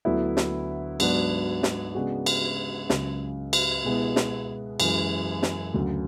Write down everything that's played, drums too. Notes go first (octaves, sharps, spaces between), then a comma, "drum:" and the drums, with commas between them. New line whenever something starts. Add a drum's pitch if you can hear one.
D2 D3 F#3 B3 E4
drum: snare
G#2 F#3 B3 D4 F#4, drum: cymbal
drum: snare
C#3 G#3 B3 D4 F#4
drum: cymbal
C#2 C#3 F#3, drum: snare
drum: cymbal
B2 G#3 B3 E4
drum: snare
F#2 E3 G#3, drum: cymbal
drum: snare
D2 C#3 F#3